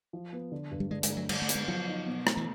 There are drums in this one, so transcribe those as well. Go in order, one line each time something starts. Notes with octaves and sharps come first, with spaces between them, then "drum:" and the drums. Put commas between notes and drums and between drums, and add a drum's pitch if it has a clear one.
F3
B3
D3
G2
G3
D3 G#3
G#3, drum: hi-hat
A3
F#3
D3 G3, drum: cymbal
A3
B3, drum: hi-hat
G#3
F3 F#3
D#4
B2
A3, drum: rim click
E3